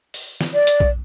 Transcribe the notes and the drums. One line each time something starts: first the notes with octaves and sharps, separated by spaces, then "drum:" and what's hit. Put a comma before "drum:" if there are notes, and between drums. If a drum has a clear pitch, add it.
drum: open hi-hat
drum: snare
D5
drum: hi-hat
drum: kick A#1